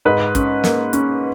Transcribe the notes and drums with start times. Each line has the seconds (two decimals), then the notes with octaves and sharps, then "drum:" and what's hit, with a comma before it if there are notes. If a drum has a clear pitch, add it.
0.05 G#2 B4
0.35 C#4, drum: kick, hi-hat
0.64 A#3, drum: snare
0.93 C#4, drum: hi-hat